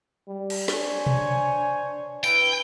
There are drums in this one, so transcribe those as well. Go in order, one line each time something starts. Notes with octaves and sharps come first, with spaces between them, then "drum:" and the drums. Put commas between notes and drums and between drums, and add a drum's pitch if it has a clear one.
G3
drum: cymbal
D4 C5 C#5 G#5, drum: snare
drum: tom B2
E4 B4 G5, drum: tambourine